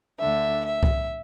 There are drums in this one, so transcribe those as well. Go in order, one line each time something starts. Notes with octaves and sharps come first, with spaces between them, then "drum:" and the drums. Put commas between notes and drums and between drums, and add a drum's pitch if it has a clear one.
D2 D3 E5
E5
drum: kick C2